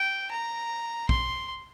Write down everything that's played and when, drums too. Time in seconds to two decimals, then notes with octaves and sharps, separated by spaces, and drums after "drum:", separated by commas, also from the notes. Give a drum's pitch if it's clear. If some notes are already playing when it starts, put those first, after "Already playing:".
Already playing: G5
0.31 A#5
1.09 C6, drum: kick A#1